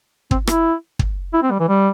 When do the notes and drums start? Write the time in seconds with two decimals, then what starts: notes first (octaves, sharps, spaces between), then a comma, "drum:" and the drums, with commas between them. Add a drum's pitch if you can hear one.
0.31 C4, drum: kick
0.47 E4, drum: rim click
0.99 drum: kick
1.33 E4
1.43 C4
1.51 G3
1.60 E3
1.68 G3